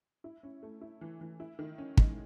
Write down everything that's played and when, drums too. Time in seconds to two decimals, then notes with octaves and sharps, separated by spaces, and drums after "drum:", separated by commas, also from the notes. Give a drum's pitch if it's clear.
0.24 E4
0.43 C#4
0.63 A3
0.81 E4
1.01 E3
1.21 E3
1.40 E4
1.59 D#3
1.78 C#4
1.97 G#3, drum: kick